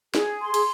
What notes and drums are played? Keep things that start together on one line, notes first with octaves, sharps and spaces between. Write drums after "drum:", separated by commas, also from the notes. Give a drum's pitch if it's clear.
G#4, drum: snare
C6
drum: cymbal